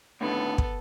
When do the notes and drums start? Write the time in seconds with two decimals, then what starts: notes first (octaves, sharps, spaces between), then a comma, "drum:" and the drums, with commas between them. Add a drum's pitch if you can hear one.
0.21 A2 D3 D#3 B3 A4
0.58 drum: kick